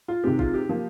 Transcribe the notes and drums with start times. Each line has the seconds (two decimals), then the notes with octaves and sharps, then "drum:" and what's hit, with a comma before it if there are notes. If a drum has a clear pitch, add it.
0.08 F4
0.24 C3 D#3 G#3 C4 G4
0.39 F4, drum: kick
0.54 G4
0.69 F3 A#3